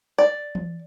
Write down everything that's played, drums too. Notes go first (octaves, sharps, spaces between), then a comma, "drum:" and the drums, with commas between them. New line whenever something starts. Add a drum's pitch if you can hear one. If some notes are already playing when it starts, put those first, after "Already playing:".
D5
drum: tom E3